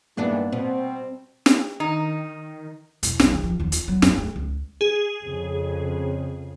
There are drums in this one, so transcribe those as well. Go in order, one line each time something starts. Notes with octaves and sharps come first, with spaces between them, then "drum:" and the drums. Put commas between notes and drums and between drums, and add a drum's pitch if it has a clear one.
G2 D#3 E3 G#3 A#3 B3 D4
B2 C4
drum: snare
D#3 D#4
E1, drum: hi-hat
B1, drum: snare
D#3
F3
D#2
F4, drum: hi-hat
F#3
G2, drum: snare
A3
C#2
G#4
F2 C#3